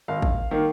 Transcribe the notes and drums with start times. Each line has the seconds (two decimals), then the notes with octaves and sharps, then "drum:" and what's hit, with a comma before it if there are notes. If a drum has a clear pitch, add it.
0.08 G#1 F5
0.22 drum: kick
0.51 D#3 A#3